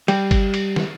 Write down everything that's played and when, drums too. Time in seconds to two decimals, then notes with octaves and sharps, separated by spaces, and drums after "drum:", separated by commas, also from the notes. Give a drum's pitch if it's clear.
0.08 G3, drum: cymbal
0.31 drum: kick G1, cymbal
0.54 drum: cymbal
0.76 drum: snare